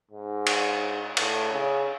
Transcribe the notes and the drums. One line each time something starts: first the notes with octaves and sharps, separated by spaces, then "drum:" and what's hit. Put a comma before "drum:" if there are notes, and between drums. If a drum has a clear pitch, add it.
G#2
drum: cymbal
A2, drum: cymbal
C#3